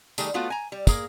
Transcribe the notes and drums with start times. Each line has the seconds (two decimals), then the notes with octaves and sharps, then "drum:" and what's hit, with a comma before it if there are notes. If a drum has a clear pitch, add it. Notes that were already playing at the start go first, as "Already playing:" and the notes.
0.18 D#3 G3 A3 G#4, drum: tambourine
0.34 A3 B3 F4 F#4
0.50 G#5 A#5
0.72 G3
0.87 A#3 G#4 A#4, drum: kick, tambourine